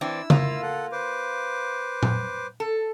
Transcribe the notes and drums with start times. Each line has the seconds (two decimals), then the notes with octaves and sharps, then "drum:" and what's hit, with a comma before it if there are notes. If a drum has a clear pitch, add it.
0.01 E3 C4 D4 E4 E6
0.30 A#3 F4, drum: tom C#3
0.62 A4 F#5
0.92 B4 C5 D6
2.03 drum: tom A#2
2.60 A4